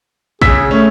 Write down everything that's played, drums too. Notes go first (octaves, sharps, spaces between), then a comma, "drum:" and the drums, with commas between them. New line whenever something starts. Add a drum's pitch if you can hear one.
C#3 G#4 E6 B6, drum: kick
A3 C#4